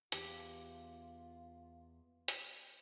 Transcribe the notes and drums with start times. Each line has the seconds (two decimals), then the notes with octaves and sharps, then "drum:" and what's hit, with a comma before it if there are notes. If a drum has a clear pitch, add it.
0.12 E2 F4 G4, drum: hi-hat
2.28 drum: hi-hat